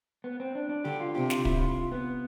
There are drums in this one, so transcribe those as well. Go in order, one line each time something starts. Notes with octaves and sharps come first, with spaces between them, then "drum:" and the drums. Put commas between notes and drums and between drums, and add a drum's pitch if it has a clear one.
B3
C4
D4
D4
D3 G4
F4
C3 G4
F4, drum: snare
E4, drum: kick
F4
B3